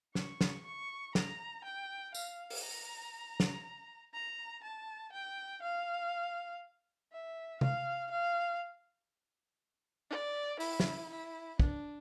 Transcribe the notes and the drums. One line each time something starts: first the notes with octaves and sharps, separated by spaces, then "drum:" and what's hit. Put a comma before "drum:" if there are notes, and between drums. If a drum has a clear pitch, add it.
C#6, drum: snare
drum: snare
C#6
A#5, drum: snare
G5
F5, drum: tambourine
drum: open hi-hat
A#5
drum: snare
A#5
A5
G5
F5
E5
F5, drum: tom C3
F5
D5
E4, drum: open hi-hat
drum: snare
E4
D4, drum: kick